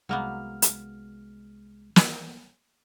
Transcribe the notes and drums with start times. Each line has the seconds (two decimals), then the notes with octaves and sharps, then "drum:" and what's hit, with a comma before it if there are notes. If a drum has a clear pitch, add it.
0.09 C2 F#3 G#3 A#3 B3 F6
0.62 drum: hi-hat
1.96 drum: snare